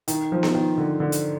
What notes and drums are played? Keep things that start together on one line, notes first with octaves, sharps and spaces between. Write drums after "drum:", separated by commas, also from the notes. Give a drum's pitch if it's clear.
D#3, drum: hi-hat
F3
drum: snare B3
D#3
D3
D3
drum: hi-hat